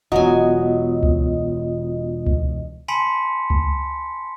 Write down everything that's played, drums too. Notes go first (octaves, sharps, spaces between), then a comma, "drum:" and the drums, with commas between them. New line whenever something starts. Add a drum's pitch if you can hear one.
E1 F#3 B3 F4 D#5 G#5
drum: kick C#2
drum: kick C#2
G#5 A5 B5 C6 B6 C#7
drum: kick C#2